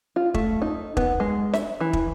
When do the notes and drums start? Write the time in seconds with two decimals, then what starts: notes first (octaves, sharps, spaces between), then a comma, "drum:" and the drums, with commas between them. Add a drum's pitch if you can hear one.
0.16 F4
0.34 A3, drum: kick
0.62 D#4
0.97 B3, drum: kick
1.20 G#3
1.53 E5, drum: snare
1.80 E3
1.93 drum: kick